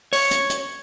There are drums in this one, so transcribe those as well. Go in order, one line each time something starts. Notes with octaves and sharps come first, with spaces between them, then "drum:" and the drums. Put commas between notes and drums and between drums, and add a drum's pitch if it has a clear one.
C#5, drum: open hi-hat
drum: hi-hat
drum: hi-hat